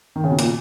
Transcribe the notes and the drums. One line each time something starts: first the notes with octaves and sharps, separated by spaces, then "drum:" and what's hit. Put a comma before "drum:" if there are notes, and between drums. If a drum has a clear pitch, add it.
D#3
C#3
B2
A#2, drum: hi-hat